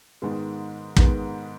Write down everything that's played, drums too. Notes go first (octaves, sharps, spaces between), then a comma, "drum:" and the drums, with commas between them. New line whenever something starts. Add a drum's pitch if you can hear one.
G#2 D#3 G#3 B3
G#2 D#3 G#3 B3, drum: kick